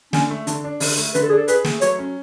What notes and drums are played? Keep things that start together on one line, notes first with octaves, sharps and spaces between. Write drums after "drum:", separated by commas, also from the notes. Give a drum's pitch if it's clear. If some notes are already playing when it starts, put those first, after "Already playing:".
D3 C#4, drum: snare
A3
D3 D4, drum: hi-hat
D4
D3, drum: open hi-hat
A3
D3 B4, drum: hi-hat
A4
G#4
D4
A4
G#4 B4, drum: hi-hat
A3, drum: snare
F#3 C#5, drum: hi-hat
C#4